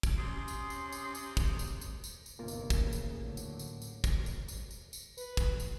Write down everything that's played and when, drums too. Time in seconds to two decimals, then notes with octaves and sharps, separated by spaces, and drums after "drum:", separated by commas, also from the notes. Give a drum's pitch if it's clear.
0.03 drum: kick, tambourine
0.17 C3 C#4 C6 D#6
0.48 drum: tambourine
0.70 drum: tambourine
0.92 drum: tambourine
1.15 drum: tambourine
1.37 drum: kick, tambourine
1.59 drum: tambourine
1.81 drum: tambourine
2.04 drum: tambourine
2.26 drum: tambourine
2.39 G1 D#2 C3 A#3 F4 A#4
2.48 drum: tambourine
2.70 A2 C#3 E3, drum: kick, tambourine
2.93 drum: tambourine
3.23 A2 D3 F#3
3.37 drum: tambourine
3.59 drum: tambourine
3.82 drum: tambourine
4.04 drum: kick, tambourine
4.26 drum: tambourine
4.48 drum: tambourine
4.71 drum: tambourine
4.93 drum: tambourine
5.18 B4, drum: tambourine
5.37 drum: kick, tambourine
5.60 drum: tambourine